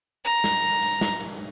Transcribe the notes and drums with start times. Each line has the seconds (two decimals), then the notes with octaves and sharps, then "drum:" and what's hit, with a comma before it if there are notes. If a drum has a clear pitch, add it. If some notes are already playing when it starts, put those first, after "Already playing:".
0.25 A#5
0.44 drum: snare
0.82 drum: hi-hat
1.01 drum: snare
1.20 drum: hi-hat